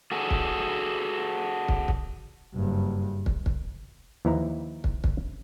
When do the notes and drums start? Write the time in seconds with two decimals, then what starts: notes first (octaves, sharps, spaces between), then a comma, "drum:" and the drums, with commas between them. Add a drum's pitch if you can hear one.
0.12 F#4 G#4 A4
0.30 drum: kick
1.68 drum: kick
1.88 drum: kick
2.55 F#1 G2
3.26 drum: kick
3.46 drum: kick
4.25 D#2 E3 F3 E4 A#5
4.84 drum: kick
5.04 drum: kick